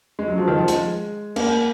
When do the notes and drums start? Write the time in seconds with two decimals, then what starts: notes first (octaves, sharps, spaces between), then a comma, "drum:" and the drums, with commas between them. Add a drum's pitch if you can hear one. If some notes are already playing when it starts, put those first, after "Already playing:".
0.19 G#3
0.28 F#3
0.38 F3
0.48 D#3
0.58 F3
0.68 G#3, drum: hi-hat
1.36 A#3, drum: cymbal